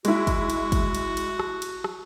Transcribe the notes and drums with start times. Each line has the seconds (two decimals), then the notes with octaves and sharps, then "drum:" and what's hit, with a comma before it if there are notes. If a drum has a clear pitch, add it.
0.05 G#3 E4 F#4, drum: cymbal
0.27 drum: kick, cymbal
0.50 drum: cymbal
0.72 drum: kick, cymbal
0.95 drum: cymbal
1.17 drum: cymbal
1.39 drum: rim click
1.62 drum: cymbal
1.84 drum: rim click